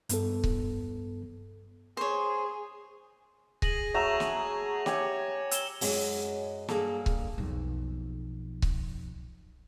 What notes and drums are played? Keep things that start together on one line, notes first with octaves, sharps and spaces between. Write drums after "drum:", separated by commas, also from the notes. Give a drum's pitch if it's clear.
G2 B3 A4, drum: hi-hat
drum: kick C#1
G#4 C5 C#5
G#4 A#6 D#7 F#7, drum: kick C#1
F#3 A3 A#5 A#6 E7 F7
drum: snare
G4 C#5 G#5, drum: snare
E6 E7 G7, drum: hi-hat
F#2 G#3 C#4, drum: open hi-hat
G2 A#3 G#4 A4, drum: snare
drum: kick C#1
B1 F2
drum: kick C#1